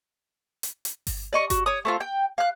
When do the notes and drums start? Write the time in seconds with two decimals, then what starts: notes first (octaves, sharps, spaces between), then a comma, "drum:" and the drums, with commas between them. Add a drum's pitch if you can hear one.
0.63 drum: hi-hat
0.85 drum: hi-hat
1.07 drum: kick G1, open hi-hat
1.33 D5 D#5 C#6
1.50 F#4, drum: kick G1, hi-hat
1.66 C#5 D#6
1.85 A3 C4 F4
2.00 G5 G6
2.38 F5 F#6